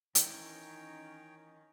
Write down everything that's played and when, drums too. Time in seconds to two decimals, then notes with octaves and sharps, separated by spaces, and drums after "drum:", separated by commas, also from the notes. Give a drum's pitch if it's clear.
0.15 D#3 E3 C#4 C#5 G5, drum: hi-hat